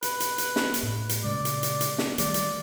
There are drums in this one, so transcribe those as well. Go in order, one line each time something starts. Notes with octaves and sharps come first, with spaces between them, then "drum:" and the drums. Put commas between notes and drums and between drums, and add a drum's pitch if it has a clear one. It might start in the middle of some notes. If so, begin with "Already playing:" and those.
B4, drum: hi-hat
drum: hi-hat
drum: hi-hat
drum: snare
drum: hi-hat
A2
drum: hi-hat
A#2 C#3 G#3 D5
drum: hi-hat
drum: hi-hat
drum: hi-hat
drum: snare
D#3 G3 A3 D5, drum: hi-hat
drum: hi-hat